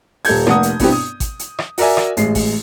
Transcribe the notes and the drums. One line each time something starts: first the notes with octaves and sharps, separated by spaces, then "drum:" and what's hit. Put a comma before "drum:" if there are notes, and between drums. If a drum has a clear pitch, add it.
D#1 A4 G6 G#6, drum: open hi-hat
F1 A#3 F#5 D#6, drum: rim click
drum: hi-hat
G2 B2 B3 C4 E4 G4, drum: kick G#1, open hi-hat
D#6
drum: kick G#1, hi-hat
drum: hi-hat
drum: rim click
F#4 A#4 D5 E5 G#5, drum: open hi-hat
drum: rim click
A1 G#3 C7, drum: hi-hat
drum: kick G#1, open hi-hat